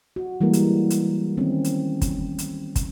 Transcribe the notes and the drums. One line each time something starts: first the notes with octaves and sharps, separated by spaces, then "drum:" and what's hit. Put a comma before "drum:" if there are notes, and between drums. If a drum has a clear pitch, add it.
F#4
E3 G3 G#3 A#3 A#4
drum: hi-hat
drum: hi-hat
D#3 C4 C#4
drum: hi-hat
drum: kick, hi-hat
drum: hi-hat
drum: kick, hi-hat